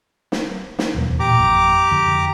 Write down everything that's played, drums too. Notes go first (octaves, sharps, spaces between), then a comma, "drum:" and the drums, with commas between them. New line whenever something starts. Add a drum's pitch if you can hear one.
drum: snare
drum: snare
D1 E2 B2
A#2 G4 A#5 D6
G#1 F2
F2 D3